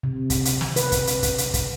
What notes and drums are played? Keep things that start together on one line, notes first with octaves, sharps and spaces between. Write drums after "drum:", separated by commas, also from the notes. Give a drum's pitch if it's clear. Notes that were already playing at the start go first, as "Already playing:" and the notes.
C3
drum: kick, hi-hat
drum: hi-hat
drum: snare
B4, drum: hi-hat
drum: kick, hi-hat
drum: hi-hat
drum: kick, hi-hat
drum: hi-hat
drum: kick, hi-hat